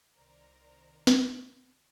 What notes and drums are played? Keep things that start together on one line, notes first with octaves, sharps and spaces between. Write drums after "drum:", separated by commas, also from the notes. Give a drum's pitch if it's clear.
C2 D#3 A#4 C5 D5 A#5
drum: snare